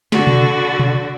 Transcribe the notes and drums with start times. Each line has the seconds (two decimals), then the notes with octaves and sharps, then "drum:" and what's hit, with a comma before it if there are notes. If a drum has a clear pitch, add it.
0.12 D3 F#4, drum: snare
0.27 drum: tom B2
0.79 drum: tom B2